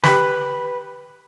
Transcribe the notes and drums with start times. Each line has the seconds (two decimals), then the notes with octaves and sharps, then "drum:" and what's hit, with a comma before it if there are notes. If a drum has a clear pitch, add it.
0.04 G4 B4 B5, drum: snare